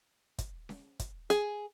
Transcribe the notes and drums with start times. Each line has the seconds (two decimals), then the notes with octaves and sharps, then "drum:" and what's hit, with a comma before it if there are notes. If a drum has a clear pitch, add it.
0.38 drum: kick, hi-hat
0.69 drum: snare C#4
0.99 drum: kick, hi-hat
1.30 G#4, drum: hi-hat